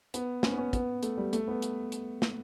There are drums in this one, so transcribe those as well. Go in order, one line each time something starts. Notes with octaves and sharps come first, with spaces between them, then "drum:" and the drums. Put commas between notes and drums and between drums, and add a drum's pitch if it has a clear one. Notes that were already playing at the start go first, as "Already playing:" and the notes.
B3, drum: hi-hat
C#4, drum: snare
B3
C#4
B3, drum: kick, hi-hat
A3, drum: hi-hat
G3
A3, drum: hi-hat
B3
drum: hi-hat
drum: hi-hat
drum: snare